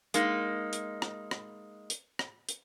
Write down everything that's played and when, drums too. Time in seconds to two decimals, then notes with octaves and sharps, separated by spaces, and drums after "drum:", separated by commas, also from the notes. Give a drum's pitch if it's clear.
0.14 G#3 A#3 D#4, drum: hi-hat
0.73 drum: hi-hat
1.02 drum: rim click
1.31 drum: rim click
1.90 drum: hi-hat
2.19 drum: rim click
2.49 drum: hi-hat